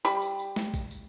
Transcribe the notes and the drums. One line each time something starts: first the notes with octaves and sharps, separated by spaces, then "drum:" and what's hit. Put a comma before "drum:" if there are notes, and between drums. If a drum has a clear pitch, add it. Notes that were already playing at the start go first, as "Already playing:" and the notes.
G3 B5, drum: tambourine
drum: tambourine
drum: tambourine
drum: snare
drum: kick, tambourine
drum: tambourine